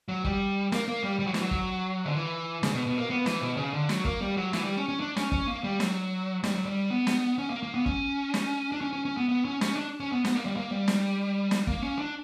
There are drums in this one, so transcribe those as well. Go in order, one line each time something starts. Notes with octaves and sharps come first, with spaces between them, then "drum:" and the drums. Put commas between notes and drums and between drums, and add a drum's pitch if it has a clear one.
F#3
G3, drum: kick
A#3, drum: snare
A#3
G3
G3
F#3
E3, drum: snare
F#3
drum: kick
D3
E3
C#3, drum: snare
B2
B2
A#3
B3
E3, drum: snare
B2
C#3
D3
F#3, drum: snare
A#3, drum: kick
G3
F#3
E3, drum: snare
G3
C#4
C#4
D4
C#4, drum: snare
C#4, drum: kick
A#3
G3
F#3, drum: snare
G3, drum: snare
F#3
G3
B3
drum: snare
C#4
A#3
A#3
B3
C#4, drum: kick
drum: snare
D4
C#4
C#4
C#4
B3
B3
C#4
C#4, drum: snare
D4
C#4
B3
B3, drum: snare
A#3
G3
A#3
G3
drum: snare
drum: snare
A#3, drum: kick
C#4
D4